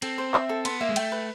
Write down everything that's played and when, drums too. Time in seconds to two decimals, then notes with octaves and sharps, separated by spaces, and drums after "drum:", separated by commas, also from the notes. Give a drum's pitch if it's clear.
0.02 C4 A4, drum: cymbal
0.18 C5
0.34 E5, drum: clap
0.49 A4
0.65 B3 C6, drum: cymbal
0.81 A#3 E5
0.89 G#3
0.96 A3 G5, drum: cymbal
1.12 B4